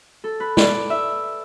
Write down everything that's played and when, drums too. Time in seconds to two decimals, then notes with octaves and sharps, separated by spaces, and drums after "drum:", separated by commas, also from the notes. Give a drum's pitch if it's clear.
0.24 A4
0.40 B4
0.57 D5, drum: snare
0.90 E5